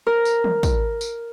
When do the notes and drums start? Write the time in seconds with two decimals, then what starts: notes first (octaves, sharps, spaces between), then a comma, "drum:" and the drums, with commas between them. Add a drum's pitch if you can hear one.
0.07 A#4
0.25 drum: tambourine
0.44 drum: tom
0.63 drum: kick, tambourine
1.01 drum: tambourine